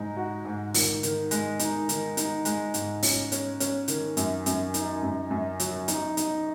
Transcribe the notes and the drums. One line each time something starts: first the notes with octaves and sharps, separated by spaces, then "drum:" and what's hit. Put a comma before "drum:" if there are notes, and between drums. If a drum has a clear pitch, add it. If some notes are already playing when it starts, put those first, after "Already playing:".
Already playing: G#2 G#3 D#4
F#4
G#2
D#3, drum: open hi-hat
D#3, drum: hi-hat
G#3, drum: hi-hat
D#4, drum: hi-hat
D#3, drum: hi-hat
D#4, drum: hi-hat
G#3, drum: hi-hat
G#2, drum: hi-hat
C#4, drum: open hi-hat
C#4, drum: hi-hat
C#4, drum: hi-hat
D#3, drum: hi-hat
F#2, drum: hi-hat
F#2, drum: hi-hat
D#4, drum: hi-hat
F#2
F#2
F#3, drum: hi-hat
D#4, drum: hi-hat
D#4, drum: hi-hat